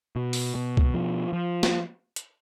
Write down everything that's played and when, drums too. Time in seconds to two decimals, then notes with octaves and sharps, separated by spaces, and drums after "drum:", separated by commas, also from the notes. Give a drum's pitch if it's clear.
0.16 B2
0.33 drum: open hi-hat
0.55 B2
0.77 drum: kick
0.94 F3
1.33 F3
1.63 drum: snare
2.16 drum: hi-hat